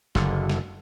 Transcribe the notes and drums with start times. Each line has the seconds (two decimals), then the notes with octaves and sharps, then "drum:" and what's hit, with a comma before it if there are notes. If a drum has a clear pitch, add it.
0.15 F#1 D3, drum: snare
0.50 drum: snare